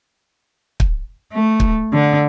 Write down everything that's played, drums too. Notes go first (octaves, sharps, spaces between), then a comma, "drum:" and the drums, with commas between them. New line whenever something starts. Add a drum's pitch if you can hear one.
drum: kick
A3
drum: kick
D3